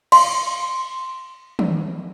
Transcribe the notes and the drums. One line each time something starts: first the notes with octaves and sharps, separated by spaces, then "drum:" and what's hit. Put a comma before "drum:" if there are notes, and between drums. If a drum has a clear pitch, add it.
F5 C6, drum: cymbal
drum: tom